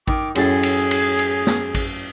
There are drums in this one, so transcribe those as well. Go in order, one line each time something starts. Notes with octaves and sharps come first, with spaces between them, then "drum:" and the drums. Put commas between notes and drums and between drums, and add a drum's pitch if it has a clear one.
D#3 D6, drum: kick A1
F#2 A2 G#4 A5, drum: cymbal
drum: cymbal
drum: cymbal
drum: cymbal
drum: snare B3
drum: kick A1, cymbal